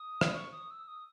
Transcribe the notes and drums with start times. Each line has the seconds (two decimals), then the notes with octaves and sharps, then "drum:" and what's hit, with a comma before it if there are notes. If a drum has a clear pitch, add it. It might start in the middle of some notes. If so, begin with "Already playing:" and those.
Already playing: D#6
0.21 drum: rim click
0.34 C#6
0.52 D#6
0.71 E6
0.88 D#6